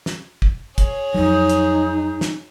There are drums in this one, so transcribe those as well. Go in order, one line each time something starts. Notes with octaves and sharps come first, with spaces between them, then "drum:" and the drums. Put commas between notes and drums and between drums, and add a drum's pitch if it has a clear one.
drum: snare
drum: kick
G#4 C#5, drum: kick, hi-hat
F2 F#3 D#4
drum: hi-hat
drum: snare